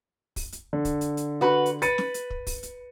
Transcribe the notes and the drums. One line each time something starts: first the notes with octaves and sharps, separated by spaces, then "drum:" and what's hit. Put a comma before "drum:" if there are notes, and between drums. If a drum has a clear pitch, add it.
drum: kick, open hi-hat
drum: hi-hat
D3
drum: kick, hi-hat
drum: hi-hat
drum: hi-hat
F#4 B4
drum: hi-hat
B4 A6 C#7 D#7, drum: hi-hat
drum: snare
drum: hi-hat
drum: kick
drum: kick, open hi-hat
drum: hi-hat